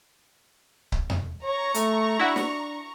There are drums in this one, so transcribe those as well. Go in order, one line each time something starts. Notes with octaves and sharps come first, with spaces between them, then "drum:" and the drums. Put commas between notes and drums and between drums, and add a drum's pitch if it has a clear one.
drum: kick C#1
drum: tom E2
C#5 A#5 C#6
A3, drum: hi-hat
D4 E4 F#4
drum: snare